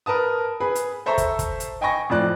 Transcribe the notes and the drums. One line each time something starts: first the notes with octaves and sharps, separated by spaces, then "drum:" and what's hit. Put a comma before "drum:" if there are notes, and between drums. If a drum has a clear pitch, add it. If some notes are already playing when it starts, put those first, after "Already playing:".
A#4 B4 A5 D#6
G#4 B4 B5
drum: hi-hat
A4 C5 E5 A#5 C#6
drum: kick, hi-hat
drum: kick, hi-hat
drum: hi-hat
D#5 G5 G#5 B5 C#6 A#6
F2 A2 D5 F#6